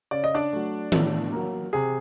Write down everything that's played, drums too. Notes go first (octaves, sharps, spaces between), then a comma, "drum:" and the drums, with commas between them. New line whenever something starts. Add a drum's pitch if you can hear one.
C#3 D5
D#5
D4 D5
F#3 A3
A2, drum: tom D#3
F#3 A#3
C3 G#4